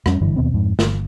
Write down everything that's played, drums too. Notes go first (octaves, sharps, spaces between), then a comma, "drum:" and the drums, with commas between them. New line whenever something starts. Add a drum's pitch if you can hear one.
F2 G3 C#4, drum: rim click
F#1 G2 D3 E3
D#2 B2 B3 C4
F2 G#2
G1, drum: snare